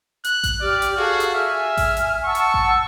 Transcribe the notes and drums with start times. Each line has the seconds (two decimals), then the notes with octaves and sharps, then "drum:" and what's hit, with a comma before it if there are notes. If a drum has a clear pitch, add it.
0.24 F#6, drum: hi-hat
0.44 drum: kick A1, hi-hat
0.61 G4 D5 F6
0.82 drum: hi-hat
0.97 F#4 G#4 A4 F5
1.20 drum: hi-hat
1.34 E5 G#5 F6
1.77 drum: kick A1, open hi-hat
1.97 drum: hi-hat
2.25 F#5 A5 C#6 E6
2.35 drum: hi-hat
2.54 drum: kick A1